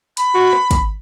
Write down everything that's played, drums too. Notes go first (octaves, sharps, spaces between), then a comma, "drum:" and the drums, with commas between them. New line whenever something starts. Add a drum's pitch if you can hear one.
B5, drum: hi-hat
F#4
drum: rim click
drum: kick, hi-hat